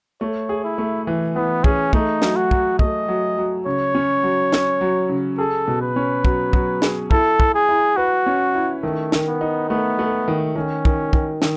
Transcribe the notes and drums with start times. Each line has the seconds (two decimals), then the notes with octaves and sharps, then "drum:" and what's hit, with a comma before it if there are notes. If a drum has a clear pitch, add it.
0.21 A3 C#5
0.49 G#4
0.64 E4
0.78 A3
1.07 E3
1.36 E3 B3
1.64 C#4 G#4, drum: kick
1.93 A3 D#4, drum: kick
2.22 F#3, drum: snare
2.36 F#4
2.51 F#3, drum: kick
2.79 A3 D#5, drum: kick
3.08 F#3
3.38 F#3
3.66 C#3 C#5
3.95 C#4
4.23 F#3
4.52 C#4, drum: snare
4.81 F#3
5.09 C#3
5.39 G#4 A4
5.68 B2
5.82 B4
5.96 C#4
6.25 F#3, drum: kick
6.53 F#3, drum: kick
6.82 G#4, drum: snare
7.11 E4 A4, drum: kick
7.40 E4, drum: kick
7.55 G#4
7.69 E4
7.97 F#4 B4
8.26 C#4
8.55 E4
8.83 D#3 A3
9.12 D#3, drum: snare
9.27 B3
9.41 D#4
9.69 A3 B3
9.99 A3
10.28 D#3
10.55 D#3 C#4
10.85 D#3, drum: kick
11.13 D#3, drum: kick
11.42 D#3, drum: snare